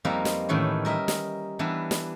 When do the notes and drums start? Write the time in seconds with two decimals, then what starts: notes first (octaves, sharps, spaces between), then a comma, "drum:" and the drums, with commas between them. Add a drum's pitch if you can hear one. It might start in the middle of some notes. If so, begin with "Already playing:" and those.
0.05 F2 G3 A#3 D#4 B4 C5
0.25 drum: snare
0.49 A2 D#3 E3 C#4
0.85 G3 A#4 D#5 E5
1.08 drum: snare
1.59 E3 G3 B3 D4
1.91 drum: snare